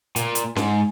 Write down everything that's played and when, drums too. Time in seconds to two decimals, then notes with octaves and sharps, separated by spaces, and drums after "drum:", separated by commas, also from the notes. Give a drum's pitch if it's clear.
0.16 A#2, drum: hi-hat
0.35 drum: hi-hat
0.56 G#2, drum: snare C#4